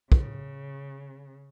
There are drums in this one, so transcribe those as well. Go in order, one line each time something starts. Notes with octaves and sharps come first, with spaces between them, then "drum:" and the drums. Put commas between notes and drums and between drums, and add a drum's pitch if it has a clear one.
C#3, drum: kick